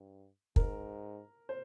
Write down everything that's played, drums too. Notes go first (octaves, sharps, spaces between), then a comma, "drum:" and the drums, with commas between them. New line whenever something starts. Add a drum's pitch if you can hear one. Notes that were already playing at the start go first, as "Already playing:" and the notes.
Already playing: G2
G#2 A#4, drum: kick
C5